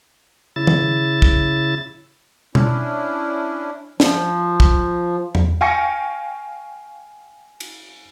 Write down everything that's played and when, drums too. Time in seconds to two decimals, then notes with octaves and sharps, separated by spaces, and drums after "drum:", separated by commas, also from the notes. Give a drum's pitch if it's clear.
0.56 C#3 E4 A6
0.67 drum: tom D#3
1.22 drum: kick
2.55 C#4 D4 E4, drum: tom B2
4.00 F3, drum: snare
4.60 drum: kick
5.35 drum: tom E2
5.61 F5 G5 G#5 C#6 A#6 C#7
7.60 drum: cymbal